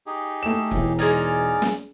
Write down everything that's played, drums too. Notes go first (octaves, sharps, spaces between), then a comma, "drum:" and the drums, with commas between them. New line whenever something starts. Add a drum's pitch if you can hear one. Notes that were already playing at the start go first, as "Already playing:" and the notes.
D#4 G4 G#4
A3 E7
E1 E3, drum: kick C#1
G#3 D#4 D5 G#5 A#5 F6
drum: snare